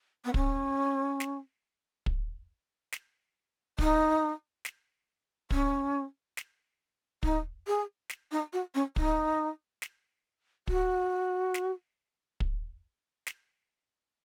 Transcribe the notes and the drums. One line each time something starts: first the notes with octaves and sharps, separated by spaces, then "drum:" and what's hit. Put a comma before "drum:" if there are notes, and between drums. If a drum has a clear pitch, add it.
B3
C#4, drum: kick
drum: snare
drum: kick
drum: snare
D#4, drum: kick
drum: snare
C#4, drum: kick
drum: snare
D#4, drum: kick
G#4
drum: snare
D#4
F#4
C#4
D#4, drum: kick
drum: snare
F#4, drum: kick
drum: snare
drum: kick
drum: snare